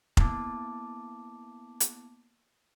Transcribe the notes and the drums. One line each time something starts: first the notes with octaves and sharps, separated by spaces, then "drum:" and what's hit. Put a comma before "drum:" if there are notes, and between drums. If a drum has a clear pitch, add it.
A#3 B3 E4 A5 D6, drum: kick F1
drum: hi-hat